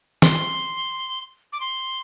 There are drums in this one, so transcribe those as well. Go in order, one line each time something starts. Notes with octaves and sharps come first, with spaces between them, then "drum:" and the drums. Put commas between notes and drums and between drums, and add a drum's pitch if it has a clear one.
C6, drum: snare
D6
C6